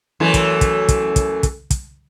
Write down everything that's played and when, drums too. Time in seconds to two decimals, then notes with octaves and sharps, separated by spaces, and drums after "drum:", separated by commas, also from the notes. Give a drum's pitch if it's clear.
0.20 F#2 E3 A3
0.34 drum: kick, hi-hat
0.61 drum: kick, hi-hat
0.88 drum: kick, hi-hat
1.16 drum: kick, hi-hat
1.43 drum: kick, hi-hat
1.70 drum: kick, hi-hat